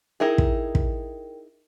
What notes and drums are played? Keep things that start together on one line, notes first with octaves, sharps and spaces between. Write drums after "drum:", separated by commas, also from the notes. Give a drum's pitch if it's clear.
D#4 E4 G#4 A#4 G5
drum: kick
drum: kick